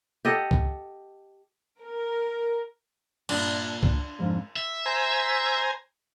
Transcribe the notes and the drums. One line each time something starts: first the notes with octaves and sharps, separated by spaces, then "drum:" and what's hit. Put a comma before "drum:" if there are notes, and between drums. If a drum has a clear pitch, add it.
G4 A4 D#5 F#5
drum: kick C#2
A#4
G2 A#2 D4, drum: cymbal
drum: kick C#2
F2 G#2 D3 G#3
E5
C5 G#5 A#5